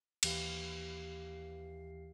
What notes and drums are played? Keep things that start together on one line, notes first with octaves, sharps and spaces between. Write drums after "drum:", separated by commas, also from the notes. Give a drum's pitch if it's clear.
D#2 E3 G4 F5 C7, drum: cymbal